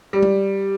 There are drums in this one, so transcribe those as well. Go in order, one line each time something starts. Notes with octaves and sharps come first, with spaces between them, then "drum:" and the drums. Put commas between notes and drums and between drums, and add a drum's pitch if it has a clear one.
G3
drum: tom G#3